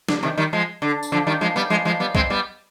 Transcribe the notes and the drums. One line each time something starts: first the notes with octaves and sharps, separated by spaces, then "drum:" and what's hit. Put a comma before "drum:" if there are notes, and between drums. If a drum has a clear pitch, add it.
D3, drum: snare
C3 D#3
D#3 G3
F3 G#3
D3
drum: tambourine
D3 F3
D#3 G3
F3 G#3
G3 B3
F3 G#3
F3 G#3
G3 B3
G#3 C4, drum: kick
G3 B3